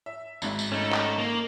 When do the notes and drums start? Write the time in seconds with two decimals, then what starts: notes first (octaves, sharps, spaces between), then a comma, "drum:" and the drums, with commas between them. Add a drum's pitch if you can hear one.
0.06 E5
0.42 G#1 G#2 E5, drum: tambourine
0.59 drum: tambourine
0.72 A3 C#4 D#4
0.92 drum: clap
1.18 A#3